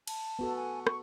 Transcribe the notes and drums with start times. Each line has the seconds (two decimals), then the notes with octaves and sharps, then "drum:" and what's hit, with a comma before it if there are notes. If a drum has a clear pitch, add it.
0.07 A5, drum: cymbal
0.39 B3 F#4 A4
0.56 G#5
0.87 C#6, drum: rim click